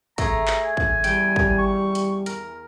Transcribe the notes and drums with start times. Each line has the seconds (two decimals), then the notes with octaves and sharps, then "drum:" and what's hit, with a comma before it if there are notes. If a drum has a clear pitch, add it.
0.18 A3 G#4 A#5, drum: kick, hi-hat
0.48 drum: clap
0.64 G#5
0.77 drum: kick
1.04 E2 G3 G5, drum: hi-hat
1.36 drum: kick
1.58 C#6
1.95 drum: hi-hat
2.26 A#4, drum: hi-hat